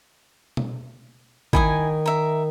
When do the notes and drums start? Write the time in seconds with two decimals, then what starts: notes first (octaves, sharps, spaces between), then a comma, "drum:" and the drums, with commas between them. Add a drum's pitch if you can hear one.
0.57 drum: tom B2
1.53 D#3 E4 G#5 D#6, drum: kick G#1
2.06 A#4 E5